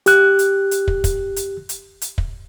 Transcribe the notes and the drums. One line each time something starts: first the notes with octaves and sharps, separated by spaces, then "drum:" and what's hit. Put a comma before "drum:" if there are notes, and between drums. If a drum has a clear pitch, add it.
G4 F#6, drum: hi-hat
drum: hi-hat
drum: hi-hat
drum: kick
drum: kick, hi-hat
drum: hi-hat
drum: hi-hat
drum: hi-hat
drum: kick